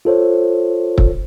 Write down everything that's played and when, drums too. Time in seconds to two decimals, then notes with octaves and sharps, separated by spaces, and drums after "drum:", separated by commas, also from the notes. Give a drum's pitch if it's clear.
0.05 F4 A4 C5 C#5
0.98 drum: kick